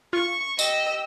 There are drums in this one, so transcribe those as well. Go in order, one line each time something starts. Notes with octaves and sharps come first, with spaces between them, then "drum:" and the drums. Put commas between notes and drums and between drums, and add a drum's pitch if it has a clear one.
F4 C#6
G4 D#5 E6, drum: tambourine